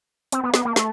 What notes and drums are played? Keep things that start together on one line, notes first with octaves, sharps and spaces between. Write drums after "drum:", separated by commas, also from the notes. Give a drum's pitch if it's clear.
C4, drum: hi-hat
B3
B3, drum: snare
A#3
A3, drum: snare